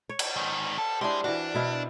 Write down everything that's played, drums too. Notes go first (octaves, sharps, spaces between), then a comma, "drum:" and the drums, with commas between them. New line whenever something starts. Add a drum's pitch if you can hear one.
C#5
drum: cymbal
G#2 D#3
A4
G#3 D4 E4 G4
E3 D4 F#4
B2 E4 F5